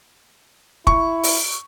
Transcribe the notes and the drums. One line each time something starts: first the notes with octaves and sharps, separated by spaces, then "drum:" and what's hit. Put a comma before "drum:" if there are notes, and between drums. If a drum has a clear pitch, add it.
E4 C#6, drum: kick
drum: open hi-hat